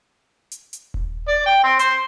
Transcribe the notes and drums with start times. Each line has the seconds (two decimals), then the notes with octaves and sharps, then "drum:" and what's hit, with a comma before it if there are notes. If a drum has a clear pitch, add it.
0.51 drum: hi-hat
0.73 drum: hi-hat
0.94 drum: kick D#1
1.28 D5
1.46 G5
1.64 C4
1.79 C5, drum: hi-hat